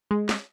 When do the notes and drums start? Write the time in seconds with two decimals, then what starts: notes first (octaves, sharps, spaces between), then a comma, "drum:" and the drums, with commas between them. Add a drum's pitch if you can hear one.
0.11 G#3
0.29 drum: snare